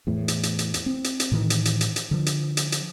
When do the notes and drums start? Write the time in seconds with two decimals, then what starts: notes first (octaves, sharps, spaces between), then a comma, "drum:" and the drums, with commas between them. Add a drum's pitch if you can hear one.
0.07 E2 A2
0.28 drum: hi-hat
0.43 drum: hi-hat
0.59 drum: hi-hat
0.74 drum: hi-hat
0.86 C4
1.04 drum: hi-hat
1.20 drum: hi-hat
1.32 A2 D#3 E3
1.50 drum: hi-hat
1.65 drum: hi-hat
1.81 drum: hi-hat
1.96 drum: hi-hat
2.11 D3 F3
2.26 drum: hi-hat
2.57 drum: hi-hat
2.72 drum: hi-hat